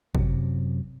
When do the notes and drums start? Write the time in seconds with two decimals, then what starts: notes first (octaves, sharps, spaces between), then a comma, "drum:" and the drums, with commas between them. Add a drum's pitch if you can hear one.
0.15 F#2 C3 F#3, drum: kick